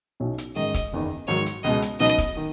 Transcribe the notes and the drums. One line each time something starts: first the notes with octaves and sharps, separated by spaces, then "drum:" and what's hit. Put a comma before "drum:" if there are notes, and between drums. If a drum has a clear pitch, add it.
B1 B2 F#3 C#4 E4
drum: hi-hat
A1 G#2 D#3 G#3 D#5
drum: kick, hi-hat
F#1 E2 D#3
G#2 D#3 F#3 C#5
drum: hi-hat
C#2 B2 G#3 D#5
drum: hi-hat
C#2 B2 F#3 B3 D#4 D#5
drum: kick, hi-hat
D#3